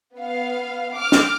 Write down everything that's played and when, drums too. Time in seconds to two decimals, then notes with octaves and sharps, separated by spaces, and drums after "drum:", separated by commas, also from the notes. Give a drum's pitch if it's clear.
0.16 B3 F5
0.96 D6 F6
1.12 drum: snare